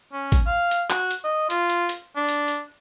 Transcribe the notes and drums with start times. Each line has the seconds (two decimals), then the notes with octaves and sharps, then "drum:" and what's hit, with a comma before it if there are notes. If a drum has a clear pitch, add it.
0.13 C#4
0.32 drum: kick, hi-hat
0.47 F5
0.71 drum: hi-hat
0.90 F#4, drum: clap
1.11 drum: hi-hat
1.24 D#5
1.50 F4, drum: hi-hat
1.70 drum: hi-hat
1.89 drum: hi-hat
2.16 D4
2.28 drum: hi-hat
2.48 drum: hi-hat